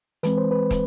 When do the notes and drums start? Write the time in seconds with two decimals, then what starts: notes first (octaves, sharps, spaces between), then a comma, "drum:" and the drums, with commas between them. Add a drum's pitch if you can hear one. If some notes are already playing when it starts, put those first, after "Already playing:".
0.23 E3 G#3 C4 B4, drum: hi-hat
0.38 C5
0.51 B4
0.71 drum: kick, hi-hat